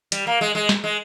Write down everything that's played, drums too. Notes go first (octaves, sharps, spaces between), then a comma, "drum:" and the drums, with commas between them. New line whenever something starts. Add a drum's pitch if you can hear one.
G3, drum: hi-hat
A#3
G#3
G#3
drum: snare
G#3